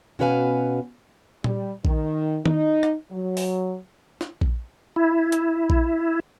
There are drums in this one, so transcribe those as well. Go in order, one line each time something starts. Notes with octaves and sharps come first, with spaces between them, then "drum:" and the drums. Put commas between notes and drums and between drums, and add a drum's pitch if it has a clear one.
B2 C#4 F#4 B4 F5 G#5
G3, drum: tom A#2
D#3, drum: kick A#1
D#4, drum: tom D#3
drum: rim click
F#3
drum: open hi-hat
drum: snare
drum: kick A#1
E4
drum: hi-hat
drum: kick A#1